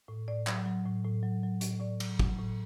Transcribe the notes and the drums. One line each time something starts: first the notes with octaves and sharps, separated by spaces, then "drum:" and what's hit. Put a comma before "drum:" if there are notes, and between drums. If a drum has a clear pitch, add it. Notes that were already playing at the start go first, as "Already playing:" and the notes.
A2
A2 D5
F#3, drum: clap
F#3
A2
A2
F#3
F#3
A2, drum: hi-hat
A2 D5
F#3, drum: cymbal
F#3, drum: kick
A2